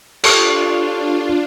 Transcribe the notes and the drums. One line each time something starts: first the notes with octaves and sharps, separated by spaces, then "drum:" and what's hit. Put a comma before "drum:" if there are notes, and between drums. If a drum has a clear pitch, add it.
D4 F4 G4 A4 C#6, drum: cymbal